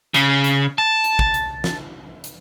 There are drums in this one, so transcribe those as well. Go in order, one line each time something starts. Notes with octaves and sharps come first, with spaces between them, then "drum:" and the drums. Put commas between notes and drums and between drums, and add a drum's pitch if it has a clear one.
C#3, drum: hi-hat
drum: hi-hat
A5
drum: hi-hat
drum: kick
drum: hi-hat
drum: snare
drum: hi-hat